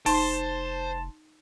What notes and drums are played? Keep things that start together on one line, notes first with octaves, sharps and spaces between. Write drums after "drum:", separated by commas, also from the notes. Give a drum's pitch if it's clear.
F1 D#4 C5 A5 C6, drum: open hi-hat